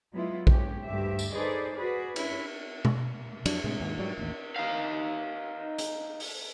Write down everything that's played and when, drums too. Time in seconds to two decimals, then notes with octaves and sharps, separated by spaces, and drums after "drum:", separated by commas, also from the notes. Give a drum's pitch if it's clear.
0.12 F#3 G#3 B3 E4 F4
0.47 G#3 C#4 G4, drum: kick A#1
0.85 D2 G2 G4 E5
1.19 drum: tambourine
1.32 D#4 G#4 A4 B4 C5 D5
1.72 F#4 G#4 B4 D5
2.16 C#4 E4, drum: cymbal
2.85 drum: tom B2
3.46 F2 F#3 D4, drum: cymbal
3.64 A2 C3 G#3
3.80 D#2 G#2
3.99 G#2 F#3 G3
4.18 A1 D#2
4.56 D#4 F5
5.78 drum: hi-hat
6.20 drum: open hi-hat